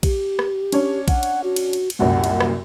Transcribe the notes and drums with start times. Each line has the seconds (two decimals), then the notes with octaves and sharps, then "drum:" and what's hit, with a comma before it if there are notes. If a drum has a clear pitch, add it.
0.03 G4, drum: kick A#1, cymbal
0.39 drum: rim click
0.72 C#4 D4 C#5, drum: cymbal
1.08 F#5, drum: kick A#1, cymbal
1.23 drum: cymbal
1.44 F#4
1.56 drum: cymbal
1.73 drum: cymbal
1.90 drum: cymbal
1.99 C2 F#2 A#2 F#5
2.24 drum: cymbal
2.40 drum: rim click